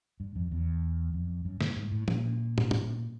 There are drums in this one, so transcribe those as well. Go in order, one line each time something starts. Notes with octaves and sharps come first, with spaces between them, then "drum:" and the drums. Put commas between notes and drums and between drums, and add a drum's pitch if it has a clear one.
G2
F2
E2
F2
F#2
G2, drum: snare
G#2
A2
A#2, drum: tom
drum: tom
drum: tom